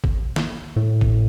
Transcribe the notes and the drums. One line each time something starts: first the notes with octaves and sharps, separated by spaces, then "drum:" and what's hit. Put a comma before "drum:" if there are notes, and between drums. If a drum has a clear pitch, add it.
drum: kick G#1
drum: snare
A2
drum: kick G#1